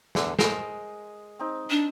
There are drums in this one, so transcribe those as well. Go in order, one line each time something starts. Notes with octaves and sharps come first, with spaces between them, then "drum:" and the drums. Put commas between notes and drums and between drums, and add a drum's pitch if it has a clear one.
E2 D3, drum: snare
G#3 A#4 C5 D#6, drum: snare
C4 D#4
D4